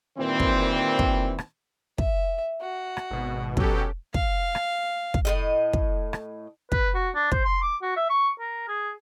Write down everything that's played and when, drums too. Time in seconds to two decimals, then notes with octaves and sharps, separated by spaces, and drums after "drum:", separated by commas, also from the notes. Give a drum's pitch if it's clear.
0.17 A#2 D#3 E3 G3 C4
0.40 drum: kick
0.99 drum: kick
1.38 drum: rim click
1.98 E5, drum: kick
2.61 F#4
2.97 drum: rim click
3.11 G#1 B2
3.57 B2 F#3 C#4 G4 A4, drum: kick
4.14 F5, drum: kick
4.55 drum: rim click
5.14 drum: kick
5.25 A2 C3 D#5
5.73 drum: kick
6.13 drum: rim click
6.72 B4, drum: kick
6.95 F#4
7.15 D4
7.32 C5, drum: kick
7.44 C6
7.62 D6
7.82 F#4
7.96 E5
8.10 C#6
8.39 A#4
8.68 G#4